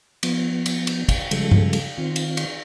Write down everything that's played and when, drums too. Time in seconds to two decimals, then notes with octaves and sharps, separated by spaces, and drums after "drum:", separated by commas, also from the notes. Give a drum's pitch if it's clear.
0.23 F3 B3, drum: cymbal
0.66 drum: cymbal
0.87 drum: cymbal
1.09 drum: kick, cymbal
1.31 C#3 F3 G3 G#3 A4, drum: cymbal
1.51 drum: tom G2
1.73 drum: cymbal
1.98 D#3 C4 F4
2.16 drum: cymbal
2.37 drum: cymbal